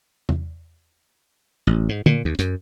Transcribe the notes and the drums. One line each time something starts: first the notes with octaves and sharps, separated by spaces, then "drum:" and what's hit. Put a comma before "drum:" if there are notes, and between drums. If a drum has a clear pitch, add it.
drum: tom E2
A1
G#2
A#2, drum: tom D3
D#2
F#2, drum: hi-hat